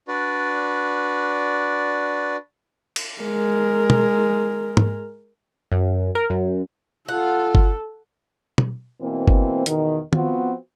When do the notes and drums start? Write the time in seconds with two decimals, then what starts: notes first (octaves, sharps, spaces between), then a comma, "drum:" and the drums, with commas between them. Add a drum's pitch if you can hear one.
0.08 D4 F#4 B4 D5
2.96 drum: cymbal
3.22 G#3 A#4
3.90 drum: tom
4.77 drum: tom G#2
5.72 F#2
6.15 A#4
6.30 F#2
7.08 F4 A4 F#5
7.55 drum: kick G1
8.58 drum: tom
9.01 B2 E3 A#3 C4
9.28 drum: kick G1
9.66 E2 B2 D#3, drum: hi-hat
10.13 F3 B3 C4 F4 F#4, drum: tom